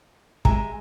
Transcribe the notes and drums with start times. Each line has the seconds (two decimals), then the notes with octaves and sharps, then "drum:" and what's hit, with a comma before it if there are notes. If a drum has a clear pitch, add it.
0.45 G#3 G4 E5 A#5, drum: kick